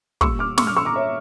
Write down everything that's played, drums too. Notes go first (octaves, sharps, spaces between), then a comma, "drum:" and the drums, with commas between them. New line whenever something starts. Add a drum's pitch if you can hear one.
A#2 G3 C#6 E6, drum: kick
D6 F6
C#6 E6, drum: snare
D6 F6
C#6 E6
A#5 D6
C#5 E5